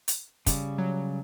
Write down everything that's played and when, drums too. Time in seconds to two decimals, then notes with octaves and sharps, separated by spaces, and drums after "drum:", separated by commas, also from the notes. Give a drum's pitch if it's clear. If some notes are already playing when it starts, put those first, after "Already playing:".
0.08 drum: hi-hat
0.46 C#3 G3, drum: kick, hi-hat
0.78 F#3